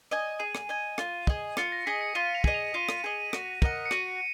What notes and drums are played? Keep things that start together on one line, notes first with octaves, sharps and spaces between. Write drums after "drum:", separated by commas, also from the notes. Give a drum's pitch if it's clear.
D#5 G#5
G#4 D#7
drum: rim click
D#5 G#5
F4, drum: rim click
G#4 D#5, drum: kick
F4 C#7, drum: rim click
A#6
G#4 D#5 B6
C#7
F4 D#7
F7
G#4 D#5, drum: kick
F7
F4 D#7
drum: rim click
G#4 D#5
F#4, drum: rim click
A#4 D#5 F#5, drum: kick
C#7
F#4 D#7, drum: rim click